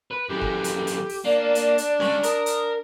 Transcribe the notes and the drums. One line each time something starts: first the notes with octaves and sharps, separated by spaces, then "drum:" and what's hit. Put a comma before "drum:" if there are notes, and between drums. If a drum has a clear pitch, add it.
B4
F#2 E3 G4 A4
drum: kick
drum: hi-hat
drum: hi-hat
drum: open hi-hat
A#3 D4 D5
drum: hi-hat
drum: hi-hat
G#3 C#4 C#6, drum: snare C#4
A#4 D#6, drum: hi-hat
drum: hi-hat